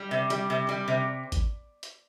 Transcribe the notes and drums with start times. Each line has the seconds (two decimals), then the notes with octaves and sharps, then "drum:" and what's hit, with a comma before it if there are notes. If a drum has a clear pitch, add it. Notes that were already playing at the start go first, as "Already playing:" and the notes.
Already playing: G3
0.11 C3
0.30 G3, drum: hi-hat
0.50 C3
0.69 G3
0.88 C3
1.32 drum: kick G#1, hi-hat
1.83 drum: hi-hat